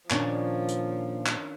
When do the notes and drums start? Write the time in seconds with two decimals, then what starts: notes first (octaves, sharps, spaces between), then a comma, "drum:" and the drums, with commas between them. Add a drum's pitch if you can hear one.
0.10 A#2 D#3 F3 C#4 D4, drum: clap
0.68 drum: hi-hat
1.26 drum: clap